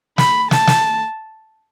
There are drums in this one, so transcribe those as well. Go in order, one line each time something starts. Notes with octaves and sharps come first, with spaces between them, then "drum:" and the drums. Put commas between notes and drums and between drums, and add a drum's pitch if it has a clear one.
B5, drum: snare
A5, drum: snare
drum: snare